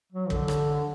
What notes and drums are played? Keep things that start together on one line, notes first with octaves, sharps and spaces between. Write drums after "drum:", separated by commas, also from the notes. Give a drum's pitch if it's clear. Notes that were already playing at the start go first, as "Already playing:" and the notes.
F#3
D3, drum: kick
drum: rim click